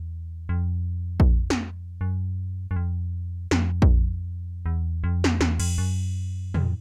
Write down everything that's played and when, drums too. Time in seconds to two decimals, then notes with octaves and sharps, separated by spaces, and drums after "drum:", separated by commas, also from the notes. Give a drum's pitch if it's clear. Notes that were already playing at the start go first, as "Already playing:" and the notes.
Already playing: E2
0.49 F2
1.20 drum: kick A#1
1.50 drum: snare
2.01 F#2
2.71 F#2
2.76 F2
3.51 F2, drum: snare
3.82 drum: kick A#1
4.66 E2
5.04 F2
5.24 drum: snare
5.41 E2, drum: snare
5.60 F2, drum: cymbal
5.78 F#2
6.54 F2, drum: tom